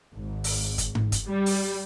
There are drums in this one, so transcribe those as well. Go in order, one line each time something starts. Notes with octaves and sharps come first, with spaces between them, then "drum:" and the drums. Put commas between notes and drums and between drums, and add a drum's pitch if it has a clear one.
G#1
drum: open hi-hat
drum: kick, hi-hat
drum: tom G#2
drum: kick, hi-hat
G3
drum: open hi-hat